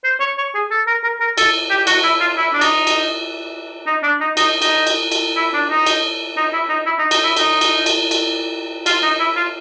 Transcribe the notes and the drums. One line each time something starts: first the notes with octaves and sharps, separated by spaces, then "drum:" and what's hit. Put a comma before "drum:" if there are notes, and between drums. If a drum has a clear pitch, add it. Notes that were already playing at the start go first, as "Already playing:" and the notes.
C5
C#5
C#5
G#4
A4
A#4
A#4
A#4
A4, drum: cymbal
G4
F#4, drum: cymbal
E4
F4
E4
D4
D#4, drum: cymbal
drum: cymbal
D#4
D4
D#4
D#4, drum: cymbal
D#4, drum: cymbal
drum: cymbal
drum: cymbal
E4
D4
D#4
drum: cymbal
D#4
E4
D#4
E4
D#4
D#4, drum: cymbal
E4
D#4, drum: cymbal
drum: cymbal
drum: cymbal
drum: cymbal
F4, drum: cymbal
D#4
E4
F4